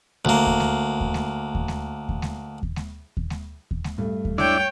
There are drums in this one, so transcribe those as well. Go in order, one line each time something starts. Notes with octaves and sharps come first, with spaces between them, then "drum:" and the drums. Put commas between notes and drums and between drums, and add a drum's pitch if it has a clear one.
D2 A#3
drum: kick D#2
drum: snare G#3
drum: kick D#2
drum: snare G#3
drum: kick D#2
drum: snare G#3
drum: kick D#2
drum: snare G#3
drum: kick D#2
drum: snare G#3
drum: kick D#2
drum: snare G#3
drum: kick D#2
drum: snare G#3
G2 A3
drum: kick D#2
D4 E4 C#5 D5 G5, drum: snare G#3